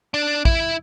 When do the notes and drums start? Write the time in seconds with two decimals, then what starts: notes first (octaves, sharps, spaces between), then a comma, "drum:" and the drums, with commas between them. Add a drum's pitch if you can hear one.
0.14 D4
0.45 E4, drum: kick